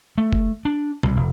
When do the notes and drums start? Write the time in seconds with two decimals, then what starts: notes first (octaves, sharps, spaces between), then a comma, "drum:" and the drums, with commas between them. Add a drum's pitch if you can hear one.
0.18 A3
0.33 drum: kick F#1
0.65 D4
1.03 C2, drum: tom B2
1.16 F1